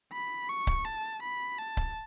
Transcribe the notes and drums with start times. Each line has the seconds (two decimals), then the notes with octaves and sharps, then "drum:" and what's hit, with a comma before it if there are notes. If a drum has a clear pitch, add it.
0.12 B5
0.49 C#6
0.67 drum: kick C#1
0.85 A5
1.22 B5
1.59 A5
1.77 drum: kick C#1